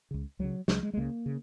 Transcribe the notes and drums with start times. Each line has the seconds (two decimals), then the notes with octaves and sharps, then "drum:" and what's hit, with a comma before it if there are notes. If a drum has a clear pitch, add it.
0.11 C#2 C#3
0.39 C#2 C#3 F#3
0.68 C#2 C#3 G#3, drum: snare
0.83 G#3
0.93 G#3
0.97 C#2 C#3 A#3
1.26 C#3